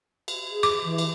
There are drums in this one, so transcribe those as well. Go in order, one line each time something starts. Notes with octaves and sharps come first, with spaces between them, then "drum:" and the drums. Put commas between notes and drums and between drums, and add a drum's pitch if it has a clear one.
drum: cymbal
G#4
D6, drum: cymbal
E3
drum: cymbal